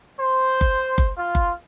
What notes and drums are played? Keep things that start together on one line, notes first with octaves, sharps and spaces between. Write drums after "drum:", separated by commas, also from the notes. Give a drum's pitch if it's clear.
C5
drum: kick F#1
drum: kick F#1
F4
drum: kick F#1